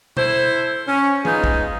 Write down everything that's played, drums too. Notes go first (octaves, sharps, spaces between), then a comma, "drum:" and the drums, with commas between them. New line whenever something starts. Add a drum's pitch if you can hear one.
E4 A4 C5, drum: tom B2
C#4
G#3 B3 D#4 F4 G#4, drum: tom
drum: kick